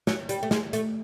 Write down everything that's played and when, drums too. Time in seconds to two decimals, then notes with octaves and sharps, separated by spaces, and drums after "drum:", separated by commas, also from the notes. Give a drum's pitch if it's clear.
0.07 F#3, drum: snare
0.29 G3, drum: hi-hat
0.43 A3
0.51 G#3, drum: snare
0.73 A3, drum: hi-hat